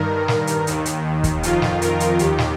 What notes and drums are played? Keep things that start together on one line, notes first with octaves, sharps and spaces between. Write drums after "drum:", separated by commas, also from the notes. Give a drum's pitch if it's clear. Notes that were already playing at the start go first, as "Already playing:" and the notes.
Already playing: G2 D#3 A#4
drum: snare
drum: hi-hat
D#2 D#3, drum: hi-hat
drum: hi-hat
drum: kick, hi-hat
F2 D#3 F4, drum: hi-hat
drum: snare
A#4, drum: hi-hat
drum: hi-hat
D#2 D#3 G4, drum: hi-hat
drum: snare